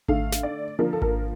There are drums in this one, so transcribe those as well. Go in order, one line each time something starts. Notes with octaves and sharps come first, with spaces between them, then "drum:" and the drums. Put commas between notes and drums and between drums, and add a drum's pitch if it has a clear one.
D3 A3 F5, drum: kick G#1
drum: snare
D5
D3 F3 A#3 A#4
A4
A#4, drum: kick G#1